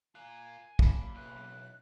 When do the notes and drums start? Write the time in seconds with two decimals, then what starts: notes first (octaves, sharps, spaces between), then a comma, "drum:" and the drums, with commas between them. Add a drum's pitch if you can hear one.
0.15 F4 A#4 G#5 F#6
0.79 F#2 A#3 D5 A5 B5, drum: kick
1.16 B1 A2 C#3 E3 F#6